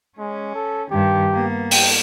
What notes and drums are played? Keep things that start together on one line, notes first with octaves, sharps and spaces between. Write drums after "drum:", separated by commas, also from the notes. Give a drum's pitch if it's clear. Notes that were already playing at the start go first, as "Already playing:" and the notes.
G#3 C#4
A4
G2 D#3 G4
A#3 B3
G5, drum: open hi-hat